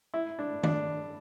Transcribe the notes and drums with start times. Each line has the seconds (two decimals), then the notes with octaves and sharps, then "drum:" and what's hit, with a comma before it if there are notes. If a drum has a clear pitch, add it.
0.14 E4
0.39 D4
0.63 D4, drum: tom D#3